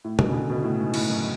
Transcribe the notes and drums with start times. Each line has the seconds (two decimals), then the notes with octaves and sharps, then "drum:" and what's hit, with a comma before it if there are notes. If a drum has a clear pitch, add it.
0.04 A2
0.19 B2, drum: tom
0.29 C#3
0.34 D3
0.50 B2
0.63 A2
0.80 G#2
0.94 A2, drum: cymbal
1.09 F#2